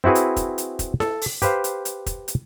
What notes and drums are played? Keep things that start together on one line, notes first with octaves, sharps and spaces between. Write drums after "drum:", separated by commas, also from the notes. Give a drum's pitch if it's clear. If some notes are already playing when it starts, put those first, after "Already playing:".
C4 E4 F#4 G#4 B4
drum: hi-hat
drum: kick, hi-hat
drum: hi-hat
drum: kick, hi-hat
A4, drum: snare E4
drum: open hi-hat
G4 B4 C5 F5, drum: hi-hat
drum: hi-hat
drum: hi-hat
drum: kick, hi-hat
drum: hi-hat